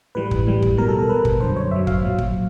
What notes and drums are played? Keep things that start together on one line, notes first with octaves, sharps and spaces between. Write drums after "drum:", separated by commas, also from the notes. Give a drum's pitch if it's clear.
A2 E3 G3 B4
drum: kick
A2 E3 G3
drum: kick
B2 G3 A#4
A4
A#4
B2 G3 B4
drum: kick
F#2 D3 F#3 C5
C#5
F#2 D3 F#3 E5
F5, drum: kick
A#2 F#3
drum: kick